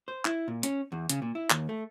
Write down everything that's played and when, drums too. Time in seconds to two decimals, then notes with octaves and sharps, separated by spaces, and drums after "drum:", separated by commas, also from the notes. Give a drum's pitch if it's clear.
0.08 C5
0.25 E4, drum: clap
0.48 A#2
0.63 C#4, drum: hi-hat
0.92 E2
1.09 C#3, drum: hi-hat
1.22 A#2
1.35 E4
1.50 D#2, drum: clap
1.69 A3